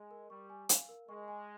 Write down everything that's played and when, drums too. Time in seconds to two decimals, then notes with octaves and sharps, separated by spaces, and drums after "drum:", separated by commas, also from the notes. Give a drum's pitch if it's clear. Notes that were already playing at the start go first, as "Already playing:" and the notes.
Already playing: G#3
0.11 A#4
0.30 G3 C#6
0.50 G#5
0.69 F5, drum: hi-hat
0.89 A#4
1.08 G#3 C#6
1.28 G#5